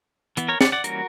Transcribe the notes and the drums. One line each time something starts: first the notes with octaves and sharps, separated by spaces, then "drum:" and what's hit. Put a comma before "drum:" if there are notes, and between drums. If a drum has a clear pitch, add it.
E3 B3, drum: hi-hat
A#4 C#5
D5 F#5, drum: snare
D5 F#5
E3 G3 A#3 C#4 F#4 A#4, drum: hi-hat